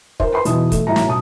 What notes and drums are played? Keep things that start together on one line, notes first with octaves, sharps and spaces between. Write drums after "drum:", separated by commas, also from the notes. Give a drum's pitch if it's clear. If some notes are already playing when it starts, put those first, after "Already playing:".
A#4 C5, drum: kick
B4 G5 B5 C6
E2 B2 E3 D#4 A5 D#6, drum: hi-hat
A3, drum: kick, hi-hat
B1 A2 A#5
drum: snare
B2 A5 D#6